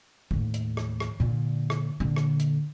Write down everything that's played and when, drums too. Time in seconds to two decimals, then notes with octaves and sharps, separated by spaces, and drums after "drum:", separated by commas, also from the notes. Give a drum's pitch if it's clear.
0.31 D#2 A2, drum: kick
0.54 drum: hi-hat
0.77 drum: rim click
1.00 drum: rim click
1.20 A#2 D3
1.70 drum: rim click
2.00 A#2 D3
2.16 drum: rim click
2.40 drum: hi-hat